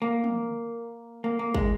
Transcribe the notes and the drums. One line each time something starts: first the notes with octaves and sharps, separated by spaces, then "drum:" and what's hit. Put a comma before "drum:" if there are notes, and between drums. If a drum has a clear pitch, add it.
A#3
drum: tom
A#3
A#3
G#3, drum: kick